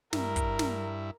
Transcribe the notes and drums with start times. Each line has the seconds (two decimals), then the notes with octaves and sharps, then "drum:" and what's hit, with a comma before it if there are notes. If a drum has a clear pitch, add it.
0.13 G2 E4 A#4, drum: snare
0.36 drum: kick, hi-hat
0.59 drum: snare